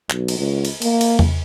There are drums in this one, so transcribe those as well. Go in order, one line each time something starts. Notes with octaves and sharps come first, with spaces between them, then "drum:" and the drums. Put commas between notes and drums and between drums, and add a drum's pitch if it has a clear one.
B1, drum: clap
drum: cymbal
C#2
drum: cymbal
A#3, drum: cymbal
drum: cymbal
drum: tom E2